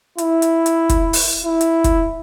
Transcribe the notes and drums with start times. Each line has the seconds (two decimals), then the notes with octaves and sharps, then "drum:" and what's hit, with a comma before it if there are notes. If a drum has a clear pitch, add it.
0.18 E4, drum: hi-hat
0.42 drum: hi-hat
0.66 drum: hi-hat
0.89 drum: kick, hi-hat
1.13 drum: open hi-hat
1.44 E4
1.61 drum: hi-hat
1.84 drum: kick, hi-hat